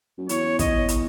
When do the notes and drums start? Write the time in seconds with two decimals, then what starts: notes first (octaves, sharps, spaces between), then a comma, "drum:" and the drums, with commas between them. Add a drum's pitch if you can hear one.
0.18 F#2
0.29 E2 C#5, drum: hi-hat
0.59 D#5, drum: kick, hi-hat
0.88 drum: hi-hat